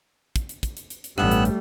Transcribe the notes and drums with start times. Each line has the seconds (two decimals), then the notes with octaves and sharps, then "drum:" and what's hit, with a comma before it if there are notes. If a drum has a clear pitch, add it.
0.36 drum: kick, hi-hat
0.49 drum: hi-hat
0.63 drum: kick, hi-hat
0.77 drum: hi-hat
0.90 drum: hi-hat
1.04 drum: hi-hat
1.18 A1 G2 G3 A3 B3 E6 F#6, drum: rim click
1.31 drum: hi-hat
1.45 drum: hi-hat